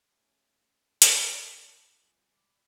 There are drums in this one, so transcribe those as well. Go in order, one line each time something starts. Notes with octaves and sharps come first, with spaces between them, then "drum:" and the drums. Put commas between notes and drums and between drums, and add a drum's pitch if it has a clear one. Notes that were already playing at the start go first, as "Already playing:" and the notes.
A3 C#4 G4 A4
drum: hi-hat
A5 C6 D6 F#6 G#6 A#6
G3 C4 F4 G#4 A#4
C#2 D5 B5 C6 D6